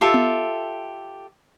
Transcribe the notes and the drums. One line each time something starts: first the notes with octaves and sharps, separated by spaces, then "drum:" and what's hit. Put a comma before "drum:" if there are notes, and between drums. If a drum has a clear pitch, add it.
F4 G4 A4 E5
drum: tom B3